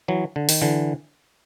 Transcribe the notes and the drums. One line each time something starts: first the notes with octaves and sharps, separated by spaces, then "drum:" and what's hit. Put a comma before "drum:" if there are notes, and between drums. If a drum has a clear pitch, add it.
E3 F#3
D3
D#3, drum: open hi-hat
D3 E3